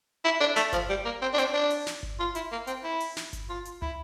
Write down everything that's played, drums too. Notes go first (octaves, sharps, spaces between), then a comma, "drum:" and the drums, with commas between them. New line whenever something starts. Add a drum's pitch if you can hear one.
E4
D4
A3, drum: snare
F3, drum: kick G1, hi-hat
G3
A#3
C4
D4
C4, drum: hi-hat
D4
drum: open hi-hat
drum: snare
drum: kick G1
F4
E4, drum: hi-hat
A#3
C4, drum: hi-hat
E4
drum: open hi-hat
drum: snare
drum: kick G1, hi-hat
F4
drum: hi-hat
E4, drum: tom